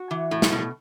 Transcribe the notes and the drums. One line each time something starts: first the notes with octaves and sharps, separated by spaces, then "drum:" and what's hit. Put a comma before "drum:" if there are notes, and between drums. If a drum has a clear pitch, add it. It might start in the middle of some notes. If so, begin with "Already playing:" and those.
Already playing: F#4
E3
A2
drum: snare
B2